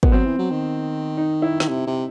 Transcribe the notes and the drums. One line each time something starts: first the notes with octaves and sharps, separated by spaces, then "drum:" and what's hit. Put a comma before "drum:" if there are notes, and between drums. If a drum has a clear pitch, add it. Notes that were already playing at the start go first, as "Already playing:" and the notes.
B3, drum: kick
F#3 C4
E3
F#3
D#3
D#4
E4
D#3, drum: snare
C3
C3